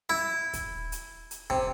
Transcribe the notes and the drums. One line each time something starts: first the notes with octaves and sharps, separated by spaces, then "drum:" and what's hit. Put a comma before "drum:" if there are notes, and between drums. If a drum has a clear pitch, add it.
E4
drum: kick, hi-hat
drum: hi-hat
drum: hi-hat
C3, drum: kick